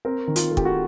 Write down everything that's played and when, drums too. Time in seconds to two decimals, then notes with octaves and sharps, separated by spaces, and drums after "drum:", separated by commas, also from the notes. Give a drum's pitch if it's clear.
0.05 C4 A#4
0.28 D#3
0.36 F4, drum: hi-hat
0.51 A3
0.57 G4, drum: kick
0.65 F#4